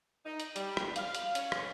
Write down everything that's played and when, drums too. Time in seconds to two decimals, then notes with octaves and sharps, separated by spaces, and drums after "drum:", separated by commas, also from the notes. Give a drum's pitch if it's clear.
0.25 D#4
0.40 drum: hi-hat
0.56 G3, drum: hi-hat
0.77 drum: rim click
0.96 F5, drum: hi-hat
1.15 drum: hi-hat
1.35 C#4, drum: hi-hat
1.52 drum: rim click